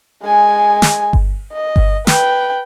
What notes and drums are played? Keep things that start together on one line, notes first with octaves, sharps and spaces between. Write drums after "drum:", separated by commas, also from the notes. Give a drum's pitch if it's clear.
G#3 G#5
drum: snare
drum: kick G1
D#5
drum: kick G1
B4 G5, drum: snare